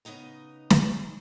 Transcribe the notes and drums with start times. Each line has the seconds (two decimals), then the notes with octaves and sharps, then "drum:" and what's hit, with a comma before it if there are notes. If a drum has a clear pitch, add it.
0.05 C#3 B3 D#4 D#5 A#5
0.70 drum: snare